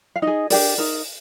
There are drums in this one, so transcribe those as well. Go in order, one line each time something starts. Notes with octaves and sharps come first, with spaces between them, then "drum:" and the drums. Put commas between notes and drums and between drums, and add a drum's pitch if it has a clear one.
F5
D#4 G#4 D#5
D4 G4 A#4 D5, drum: open hi-hat
D#4 A#4